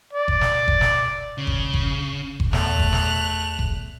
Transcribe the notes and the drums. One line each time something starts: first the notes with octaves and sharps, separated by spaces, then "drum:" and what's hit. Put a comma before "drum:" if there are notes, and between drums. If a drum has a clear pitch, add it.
D5
drum: kick F#1
drum: snare
drum: kick F#1
drum: snare
C#3
drum: kick F#1
drum: kick F#1
drum: kick F#1
E2 A3 F#6 F7, drum: snare
drum: kick F#1
drum: snare
drum: kick F#1